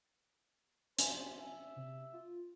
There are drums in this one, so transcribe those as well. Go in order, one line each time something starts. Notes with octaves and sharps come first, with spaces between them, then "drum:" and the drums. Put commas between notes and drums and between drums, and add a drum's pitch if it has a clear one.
C5 G#5, drum: hi-hat
E5
C3
F4